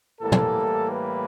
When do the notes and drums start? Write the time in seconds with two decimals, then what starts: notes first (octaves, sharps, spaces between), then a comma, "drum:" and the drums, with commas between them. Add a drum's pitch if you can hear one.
0.21 A2 E3 G3 A#3 A4
0.32 drum: tom
0.92 B4